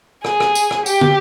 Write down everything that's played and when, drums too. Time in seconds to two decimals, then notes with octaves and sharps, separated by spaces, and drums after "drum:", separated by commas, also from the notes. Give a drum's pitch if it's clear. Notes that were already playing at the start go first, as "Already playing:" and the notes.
0.24 G#4, drum: rim click
0.40 drum: rim click
0.55 drum: tambourine
0.71 drum: rim click
0.86 G4, drum: tambourine
1.01 drum: tom